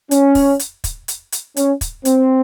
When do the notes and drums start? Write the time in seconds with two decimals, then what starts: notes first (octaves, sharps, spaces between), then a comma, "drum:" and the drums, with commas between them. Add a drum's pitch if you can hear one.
0.11 C#4, drum: hi-hat
0.35 drum: kick, open hi-hat
0.59 drum: hi-hat
0.84 drum: kick, hi-hat
1.08 drum: hi-hat
1.32 drum: hi-hat
1.57 C#4, drum: hi-hat
1.81 drum: kick, hi-hat
2.05 C4, drum: hi-hat